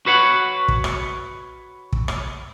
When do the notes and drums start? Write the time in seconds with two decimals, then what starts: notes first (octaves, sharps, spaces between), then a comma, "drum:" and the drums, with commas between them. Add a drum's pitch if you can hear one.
0.06 F#4 B4 C#5 F#5
0.68 drum: kick
0.84 drum: rim click
1.93 drum: kick
2.08 drum: rim click